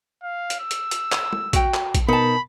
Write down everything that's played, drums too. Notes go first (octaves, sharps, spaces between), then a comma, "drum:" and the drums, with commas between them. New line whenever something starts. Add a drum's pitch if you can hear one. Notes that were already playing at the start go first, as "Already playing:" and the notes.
F5
drum: hi-hat
E6
drum: hi-hat
drum: hi-hat
drum: clap
drum: tom G#3
F#4 G5, drum: kick, hi-hat
drum: clap
drum: kick, hi-hat
B2 B3 D#4 A#4 A5 B5